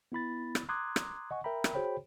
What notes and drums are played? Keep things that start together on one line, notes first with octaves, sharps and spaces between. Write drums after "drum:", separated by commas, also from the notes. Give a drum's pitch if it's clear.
B3 E4 B5 A6
drum: rim click
A#5 C6 D6 D#6 F#6 G#6
drum: rim click
D#5 F#5 G#5 C#6
A#4 E5 G5 A#5 B5
drum: rim click
F#4 G#4 C5 C#5 G5 B5